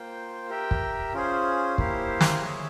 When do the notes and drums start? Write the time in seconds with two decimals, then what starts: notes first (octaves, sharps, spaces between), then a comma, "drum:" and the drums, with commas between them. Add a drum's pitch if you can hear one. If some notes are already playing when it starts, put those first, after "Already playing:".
Already playing: A#3 F4 C5 G5
0.49 G4 A#4 E5 G5
0.71 drum: kick
1.14 C#4 F4 G#4 C5
1.78 A#3 E4 G4 C5 F5, drum: kick
2.21 drum: snare
2.42 G#4 C#5 E5